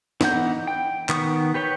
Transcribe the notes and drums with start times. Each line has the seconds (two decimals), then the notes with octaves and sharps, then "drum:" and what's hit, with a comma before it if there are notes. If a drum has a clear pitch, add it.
0.21 E3 B3 D#4 F#5 G6, drum: snare
0.67 G5
1.09 D#3 B3 C#6 D#6, drum: clap
1.54 G4 B4 C#5 G5